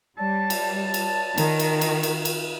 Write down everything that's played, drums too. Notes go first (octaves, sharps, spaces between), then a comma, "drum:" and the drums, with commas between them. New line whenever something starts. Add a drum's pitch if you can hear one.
G3 C#5 D5 A5
drum: cymbal
drum: cymbal
D#3, drum: cymbal
drum: cymbal
drum: cymbal
drum: cymbal
drum: cymbal